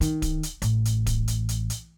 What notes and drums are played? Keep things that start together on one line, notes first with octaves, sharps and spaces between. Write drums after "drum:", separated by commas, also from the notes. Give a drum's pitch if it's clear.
D#3, drum: hi-hat
drum: kick D1, hi-hat
drum: hi-hat
A1, drum: hi-hat
drum: hi-hat
drum: kick D1, hi-hat
drum: hi-hat
drum: hi-hat
drum: hi-hat